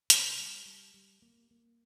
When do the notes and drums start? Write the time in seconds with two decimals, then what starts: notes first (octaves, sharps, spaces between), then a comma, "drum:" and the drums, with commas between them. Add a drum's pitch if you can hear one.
0.10 C3, drum: hi-hat
0.37 G3
0.66 G3
0.94 G3
1.22 A#3
1.51 A#3